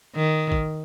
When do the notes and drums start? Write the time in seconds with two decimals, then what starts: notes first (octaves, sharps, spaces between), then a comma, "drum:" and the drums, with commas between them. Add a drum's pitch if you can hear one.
0.16 D#3
0.52 drum: kick